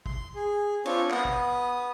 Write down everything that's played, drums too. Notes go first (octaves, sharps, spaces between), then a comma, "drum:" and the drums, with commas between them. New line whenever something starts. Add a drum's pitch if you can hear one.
C6, drum: kick
G#4
C4 D4 F4 C#5, drum: cymbal
B3 D#6, drum: clap
drum: kick